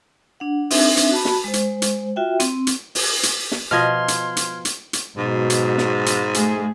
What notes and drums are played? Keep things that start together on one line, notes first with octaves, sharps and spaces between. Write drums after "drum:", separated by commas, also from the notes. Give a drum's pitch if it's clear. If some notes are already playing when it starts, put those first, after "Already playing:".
D4 F#5
C4 D4 D#4 E5, drum: open hi-hat
drum: hi-hat
F#4 A5 B5
drum: snare
G#3 C5
drum: hi-hat
drum: hi-hat
F4 F#4 E5 G5
C4, drum: hi-hat
drum: hi-hat
drum: open hi-hat
drum: hi-hat
drum: snare
B2 F3 D#5 C6 F6 G#6
drum: hi-hat
drum: hi-hat
drum: hi-hat
drum: hi-hat
G#2 B2 F#3 G#3
drum: hi-hat
drum: snare
drum: hi-hat
A3 G#4, drum: hi-hat